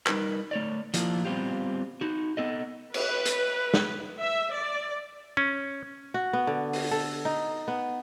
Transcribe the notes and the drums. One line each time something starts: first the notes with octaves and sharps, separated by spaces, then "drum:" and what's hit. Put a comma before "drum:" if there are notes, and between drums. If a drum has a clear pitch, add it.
G3 D#4 A#4 B4, drum: clap
A3 C#5 D5
F3 A#3 D4 E4 F4, drum: hi-hat
G3 B3 C4 F4 G4
D#4 F#4
B3 A4 D#5
B4, drum: cymbal
drum: hi-hat
drum: snare
E5
D5
C#4
F#4
B3
D3
drum: open hi-hat
A4
D#4
B3